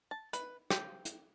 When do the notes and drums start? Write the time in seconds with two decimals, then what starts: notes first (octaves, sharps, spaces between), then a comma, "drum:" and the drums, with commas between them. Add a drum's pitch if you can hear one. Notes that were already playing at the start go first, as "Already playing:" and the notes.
0.11 A5
0.33 B4, drum: hi-hat
0.71 G5, drum: rim click
1.05 drum: hi-hat